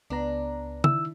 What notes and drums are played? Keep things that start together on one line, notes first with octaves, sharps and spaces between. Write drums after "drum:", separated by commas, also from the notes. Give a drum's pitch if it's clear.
C#2 B3 D4 A#5
D#3 E4 E6, drum: tom